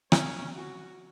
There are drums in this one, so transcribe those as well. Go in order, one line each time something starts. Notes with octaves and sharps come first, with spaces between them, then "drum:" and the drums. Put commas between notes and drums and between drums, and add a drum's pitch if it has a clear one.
C#4, drum: rim click
F#4